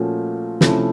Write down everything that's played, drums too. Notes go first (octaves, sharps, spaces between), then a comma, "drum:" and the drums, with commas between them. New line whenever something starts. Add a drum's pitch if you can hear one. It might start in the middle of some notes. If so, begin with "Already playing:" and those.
Already playing: A#2 F3 A3 C#4 F#4
C3 F3 A3 C#4 E4, drum: snare